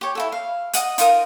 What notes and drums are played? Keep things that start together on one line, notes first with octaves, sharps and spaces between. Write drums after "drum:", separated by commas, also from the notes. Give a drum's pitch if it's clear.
G4 C#5
E4 F#4 A4
F5
D#5 F#5 D#6, drum: hi-hat
D#4 F4 A#4 D#6, drum: hi-hat